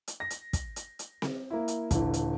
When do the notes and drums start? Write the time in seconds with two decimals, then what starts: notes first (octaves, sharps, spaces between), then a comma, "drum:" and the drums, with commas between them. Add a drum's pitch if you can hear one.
0.08 drum: hi-hat
0.20 A#6
0.30 drum: hi-hat
0.53 drum: kick, hi-hat
0.76 drum: hi-hat
0.99 drum: hi-hat
1.22 drum: snare C4
1.50 A#3 E4
1.68 drum: hi-hat
1.91 D#1 D3 E3, drum: kick, hi-hat
2.14 drum: hi-hat